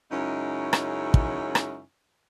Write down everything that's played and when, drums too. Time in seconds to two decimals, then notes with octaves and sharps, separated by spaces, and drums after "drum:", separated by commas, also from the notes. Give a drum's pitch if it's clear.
0.11 F#2 C#3 G#3 C#4 D#4 E4
0.73 drum: rim click
1.14 drum: kick
1.55 drum: rim click